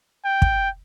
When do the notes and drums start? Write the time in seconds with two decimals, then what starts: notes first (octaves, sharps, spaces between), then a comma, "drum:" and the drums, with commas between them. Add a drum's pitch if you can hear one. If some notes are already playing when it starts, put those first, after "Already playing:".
0.25 G5
0.42 drum: kick